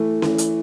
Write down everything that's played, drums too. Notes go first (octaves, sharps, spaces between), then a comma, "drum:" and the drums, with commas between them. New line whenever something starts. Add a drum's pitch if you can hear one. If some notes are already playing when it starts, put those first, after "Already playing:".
Already playing: E3 A3
E3, drum: snare C#4
drum: hi-hat